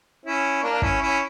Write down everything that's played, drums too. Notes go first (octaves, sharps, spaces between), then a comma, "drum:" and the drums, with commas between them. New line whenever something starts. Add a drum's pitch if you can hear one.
C#4 E4
A#3 D4
D4
C#4 E4, drum: kick
C#4 E4